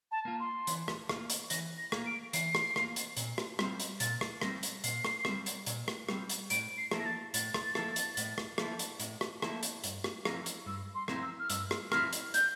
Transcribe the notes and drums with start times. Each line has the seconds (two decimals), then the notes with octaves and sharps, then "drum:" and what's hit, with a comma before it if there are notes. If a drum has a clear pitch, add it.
0.12 A5
0.25 A#3 F4
0.40 C6
0.67 E3, drum: hi-hat
0.88 drum: rim click
1.09 A#3 F4, drum: rim click
1.30 drum: hi-hat
1.50 E3 A#6, drum: hi-hat
1.78 A#6
1.92 A#3 F4, drum: rim click
2.06 D7
2.33 E3 C7, drum: hi-hat
2.55 drum: rim click
2.76 A#3 F4, drum: rim click
2.96 drum: hi-hat
3.17 A#2, drum: hi-hat
3.38 drum: rim click
3.59 G3 C4, drum: rim click
3.80 drum: hi-hat
4.00 A#2 A6, drum: hi-hat
4.21 drum: rim click
4.41 G3 C4 A#6, drum: rim click
4.63 drum: hi-hat
4.84 A#2 C7, drum: hi-hat
5.05 drum: rim click
5.25 G3 C4, drum: rim click
5.46 drum: hi-hat
5.66 A#2, drum: hi-hat
5.88 drum: rim click
6.09 G3 C4, drum: rim click
6.29 drum: hi-hat
6.50 A2 D7, drum: hi-hat
6.78 C7
6.91 F3 A#3 E4 A4, drum: rim click
6.99 A#6
7.06 A6
7.34 A2 A6, drum: hi-hat
7.54 drum: rim click
7.75 F3 A#3 E4 A4, drum: rim click
7.96 drum: hi-hat
8.17 A2, drum: hi-hat
8.38 drum: rim click
8.58 F3 A#3 E4 A4, drum: rim click
8.79 drum: hi-hat
9.00 A2, drum: hi-hat
9.21 drum: rim click
9.42 F3 A#3 E4 A4, drum: rim click
9.63 drum: hi-hat
9.84 G2, drum: hi-hat
10.04 drum: rim click
10.25 F3 C4 E4 A#4, drum: rim click
10.46 drum: hi-hat
10.66 G2 E6
10.95 C6
11.08 F3 C4 E4 A#4, drum: rim click
11.22 E6
11.39 F6
11.50 G2 E6, drum: hi-hat
11.71 drum: rim click
11.92 F3 C4 E4 A#4 F6, drum: rim click
12.13 drum: hi-hat
12.34 G6, drum: hi-hat